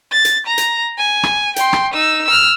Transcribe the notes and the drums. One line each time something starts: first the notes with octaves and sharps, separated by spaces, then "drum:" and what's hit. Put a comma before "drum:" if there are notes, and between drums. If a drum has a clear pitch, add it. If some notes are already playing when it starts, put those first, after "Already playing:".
A6
drum: hi-hat
A#5
drum: hi-hat
G#5
drum: rim click
G5 C6, drum: hi-hat
drum: rim click
D#4 E6
E6 F6